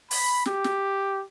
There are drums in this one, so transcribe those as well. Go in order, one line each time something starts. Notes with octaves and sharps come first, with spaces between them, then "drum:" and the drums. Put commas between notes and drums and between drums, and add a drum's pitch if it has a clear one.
B5, drum: open hi-hat
G4, drum: snare
drum: snare